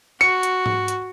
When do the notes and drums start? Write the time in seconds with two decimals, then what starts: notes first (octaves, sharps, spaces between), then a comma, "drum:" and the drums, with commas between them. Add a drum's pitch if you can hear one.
0.21 F#4 C#7, drum: rim click
0.43 drum: hi-hat
0.66 drum: tom G#2
0.88 drum: hi-hat